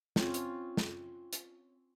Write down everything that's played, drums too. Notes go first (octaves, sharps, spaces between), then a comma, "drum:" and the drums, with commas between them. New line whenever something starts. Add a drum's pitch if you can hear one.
C4 C#4 F4, drum: snare
drum: hi-hat
drum: snare
drum: hi-hat